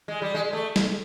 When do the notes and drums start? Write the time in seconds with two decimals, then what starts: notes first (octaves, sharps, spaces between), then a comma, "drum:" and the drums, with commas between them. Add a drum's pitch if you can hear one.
0.08 G#3
0.22 G3
0.34 G#3
0.53 A3
0.76 drum: snare